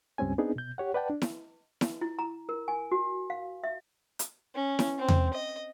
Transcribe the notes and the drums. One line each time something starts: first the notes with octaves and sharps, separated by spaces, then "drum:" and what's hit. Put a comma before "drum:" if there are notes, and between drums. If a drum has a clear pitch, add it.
C#2 G2 G3 C4 C#4 G#5
B3 C4 D4 D#4 G#4
B2 G6
G4 C#5 F#5
B4 D5 F#5 G5 A5
D4
drum: snare E4
drum: snare E4
E4
A#5
A#4
G#5
F#4
F5
E5
drum: hi-hat
C#4
drum: snare E4
C4
drum: tom E2
D#5